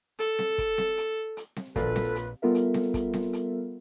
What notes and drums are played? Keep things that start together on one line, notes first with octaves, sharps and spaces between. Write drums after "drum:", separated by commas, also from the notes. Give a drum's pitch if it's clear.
A4, drum: hi-hat
drum: snare C4
drum: kick, hi-hat
drum: snare C4
drum: hi-hat
drum: hi-hat
drum: snare C4
A#1 F#2 A#2 F4 A4 B4, drum: kick, hi-hat
drum: snare C4
drum: hi-hat
G3 B3 F4 A4 A#4 E5
drum: hi-hat
drum: snare C4
drum: kick, hi-hat
drum: snare C4
drum: hi-hat